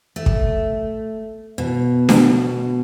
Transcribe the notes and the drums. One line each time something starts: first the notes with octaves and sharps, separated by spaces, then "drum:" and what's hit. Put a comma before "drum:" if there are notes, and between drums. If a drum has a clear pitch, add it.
A3
drum: kick
B2
B2, drum: snare D4